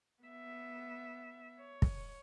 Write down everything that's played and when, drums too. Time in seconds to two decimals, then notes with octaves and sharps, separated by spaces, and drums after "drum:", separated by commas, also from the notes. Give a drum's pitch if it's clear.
0.24 B3 E5
1.60 C#5
1.82 drum: kick